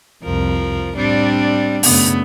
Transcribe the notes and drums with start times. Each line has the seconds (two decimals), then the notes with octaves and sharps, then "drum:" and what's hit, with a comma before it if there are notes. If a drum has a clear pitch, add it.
0.23 C2 F2 F3 A#4
0.96 A2 G3 C4 D4
1.83 F#2 C#3 A3 B3, drum: open hi-hat